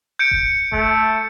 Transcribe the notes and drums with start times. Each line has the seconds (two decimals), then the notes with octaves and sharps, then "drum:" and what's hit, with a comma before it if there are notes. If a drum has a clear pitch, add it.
0.19 G6 C#7 D7
0.31 drum: kick E1
0.72 A3, drum: kick E1